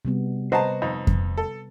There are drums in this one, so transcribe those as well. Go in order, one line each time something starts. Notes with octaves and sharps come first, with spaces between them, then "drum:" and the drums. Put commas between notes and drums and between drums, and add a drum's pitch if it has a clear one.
C3 G3 B3
F#4 B4 C5 D#5 A5 A#5
F2 D#4
drum: kick F2
A4